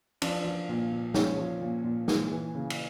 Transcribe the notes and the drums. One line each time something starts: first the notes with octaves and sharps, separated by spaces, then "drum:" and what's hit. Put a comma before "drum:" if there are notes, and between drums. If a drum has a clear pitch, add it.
F3 D4, drum: cymbal
F3
A#2
A#2
F3 C#4, drum: snare
F3
A#2
A#2
E3, drum: snare
E3
C#3
drum: cymbal